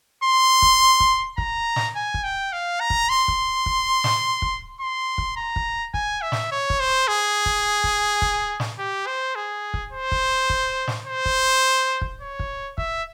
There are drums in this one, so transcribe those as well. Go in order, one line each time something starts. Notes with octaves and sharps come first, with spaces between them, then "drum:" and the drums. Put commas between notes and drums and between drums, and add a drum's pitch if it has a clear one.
C6
drum: kick
drum: kick
A#5, drum: kick
drum: snare
G#5
drum: kick
G5
F5
A#5
drum: kick
C6
drum: kick
drum: kick
drum: snare
drum: kick
C6
drum: kick
A#5
drum: kick
G#5, drum: kick
E5
drum: snare
C#5
drum: kick
C5
G#4
drum: kick
drum: kick
drum: kick
drum: snare
G4
C5
G#4
drum: kick
C5
drum: kick
drum: kick
drum: snare
C5
drum: kick
drum: kick
C#5
drum: kick
E5, drum: kick